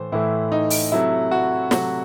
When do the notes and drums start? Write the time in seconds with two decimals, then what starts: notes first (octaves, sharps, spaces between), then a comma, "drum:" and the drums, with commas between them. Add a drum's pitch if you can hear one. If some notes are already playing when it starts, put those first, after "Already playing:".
Already playing: A2 E3 A3 C5
0.12 A2 E3 A3 E4
0.52 D#4
0.70 drum: open hi-hat
0.92 C3 F#3 A3 E4
1.31 F#4
1.71 C3 F#3 A3 F#4, drum: snare